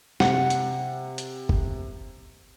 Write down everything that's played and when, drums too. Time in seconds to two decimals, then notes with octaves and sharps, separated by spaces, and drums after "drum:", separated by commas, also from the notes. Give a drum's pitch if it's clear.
0.20 C3 F#5, drum: snare
0.50 drum: hi-hat
1.18 drum: hi-hat
1.49 drum: kick F#1